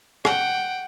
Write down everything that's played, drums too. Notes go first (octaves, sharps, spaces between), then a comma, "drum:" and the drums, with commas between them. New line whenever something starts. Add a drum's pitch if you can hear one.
F#5 G5, drum: rim click